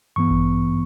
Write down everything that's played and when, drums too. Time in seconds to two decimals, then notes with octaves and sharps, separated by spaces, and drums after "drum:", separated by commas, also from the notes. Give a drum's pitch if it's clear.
0.16 G2 E3 B3 C#6
0.30 drum: kick A1